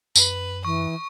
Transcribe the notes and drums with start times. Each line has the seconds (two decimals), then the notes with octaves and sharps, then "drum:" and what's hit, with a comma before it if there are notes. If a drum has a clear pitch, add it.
0.16 F#2 B4, drum: tambourine
0.65 E3 C#6 D#6